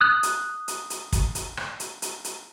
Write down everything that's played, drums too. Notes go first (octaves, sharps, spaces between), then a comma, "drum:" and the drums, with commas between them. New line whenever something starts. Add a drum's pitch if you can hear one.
D#6 F#6
drum: hi-hat
drum: hi-hat
drum: hi-hat
drum: kick, hi-hat
drum: hi-hat
drum: rim click
drum: hi-hat
drum: hi-hat
drum: hi-hat